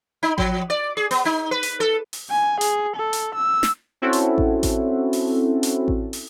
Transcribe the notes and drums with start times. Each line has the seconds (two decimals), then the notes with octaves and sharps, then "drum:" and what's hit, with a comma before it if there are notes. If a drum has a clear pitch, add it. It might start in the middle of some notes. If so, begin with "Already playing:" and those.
0.23 D#4
0.38 F3, drum: kick A1
0.70 D5
0.97 G#4
1.11 B3, drum: open hi-hat
1.25 D#4
1.51 B4
1.63 drum: hi-hat
1.80 A4
2.13 drum: open hi-hat
2.30 G#5
2.61 G#4, drum: hi-hat
2.96 A4
3.13 drum: hi-hat
3.35 E6
3.63 drum: snare
4.02 C4 C#4 E4 F#4 A4
4.13 drum: hi-hat
4.38 drum: kick A1
4.63 drum: kick A1, hi-hat
5.13 drum: open hi-hat
5.63 drum: hi-hat
5.88 drum: kick A1
6.13 drum: open hi-hat